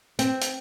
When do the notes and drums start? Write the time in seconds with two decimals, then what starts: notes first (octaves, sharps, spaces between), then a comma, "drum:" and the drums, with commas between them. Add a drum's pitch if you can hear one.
0.19 C4, drum: hi-hat
0.41 drum: hi-hat